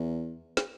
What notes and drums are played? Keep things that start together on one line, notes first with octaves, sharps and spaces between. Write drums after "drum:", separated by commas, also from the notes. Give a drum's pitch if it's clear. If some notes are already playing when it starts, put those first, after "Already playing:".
Already playing: E2
drum: snare